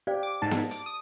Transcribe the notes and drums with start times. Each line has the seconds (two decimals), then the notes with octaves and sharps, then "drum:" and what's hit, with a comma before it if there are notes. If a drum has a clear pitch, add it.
0.07 G4 C5 D5 F5
0.23 D6
0.42 G#2 A5
0.51 drum: snare
0.71 D6, drum: hi-hat
0.86 D#6